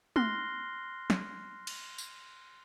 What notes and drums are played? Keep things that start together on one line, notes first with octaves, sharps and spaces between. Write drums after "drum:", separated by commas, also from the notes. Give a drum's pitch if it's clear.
C6 F6 F#6 A#6 C7 G7, drum: tom
drum: snare
drum: cymbal
drum: tambourine